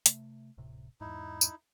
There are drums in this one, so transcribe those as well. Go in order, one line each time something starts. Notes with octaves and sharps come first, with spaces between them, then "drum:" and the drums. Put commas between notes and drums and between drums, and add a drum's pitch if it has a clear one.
C3 A3, drum: hi-hat
D1 A2 C3
E2 G#2 D#4 E4
drum: tambourine